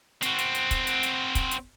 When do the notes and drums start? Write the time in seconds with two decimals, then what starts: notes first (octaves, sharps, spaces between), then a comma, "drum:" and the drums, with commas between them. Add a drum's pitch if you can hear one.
0.22 C4 F#4, drum: hi-hat
0.39 drum: hi-hat
0.55 drum: hi-hat
0.71 drum: kick, hi-hat
0.87 drum: hi-hat
1.03 drum: hi-hat
1.35 drum: kick, hi-hat
1.51 drum: hi-hat